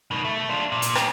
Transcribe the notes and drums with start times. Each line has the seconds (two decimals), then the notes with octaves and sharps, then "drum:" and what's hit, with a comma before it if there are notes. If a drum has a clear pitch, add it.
0.11 B2 D#3
0.25 A3
0.49 D4 F4
0.72 A#2
0.82 drum: hi-hat
0.95 C#4 G4, drum: rim click